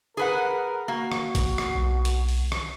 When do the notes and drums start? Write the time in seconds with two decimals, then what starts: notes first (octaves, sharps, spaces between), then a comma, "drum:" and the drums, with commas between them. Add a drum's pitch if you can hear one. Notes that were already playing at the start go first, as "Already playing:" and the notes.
0.17 G#4 A#4 B4 F#5
0.88 A#3 F#4
1.12 drum: rim click
1.35 drum: kick A1, hi-hat
1.58 drum: rim click
1.75 B1
2.05 drum: hi-hat
2.28 drum: open hi-hat
2.52 drum: rim click